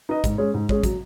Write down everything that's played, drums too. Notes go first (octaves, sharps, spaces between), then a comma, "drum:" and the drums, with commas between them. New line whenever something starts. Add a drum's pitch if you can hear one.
D#4 B4 D#5
G#2, drum: kick, hi-hat
G#3 C#4 G#4
G#2
G#3 C#4 G#4, drum: kick
F#3, drum: kick, hi-hat